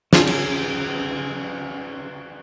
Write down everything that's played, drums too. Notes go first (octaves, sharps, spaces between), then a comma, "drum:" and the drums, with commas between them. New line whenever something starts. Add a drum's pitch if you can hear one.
C#4 D4 F4 G#4, drum: snare
drum: cymbal